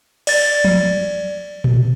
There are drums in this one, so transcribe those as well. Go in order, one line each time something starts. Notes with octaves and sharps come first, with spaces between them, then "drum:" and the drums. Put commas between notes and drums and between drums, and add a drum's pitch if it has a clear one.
D5 A6, drum: cymbal
drum: tom F3
drum: tom A#2